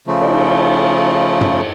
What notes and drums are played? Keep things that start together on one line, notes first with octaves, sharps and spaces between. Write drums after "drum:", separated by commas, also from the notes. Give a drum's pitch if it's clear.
C#3 F3 A3
drum: cymbal
drum: tom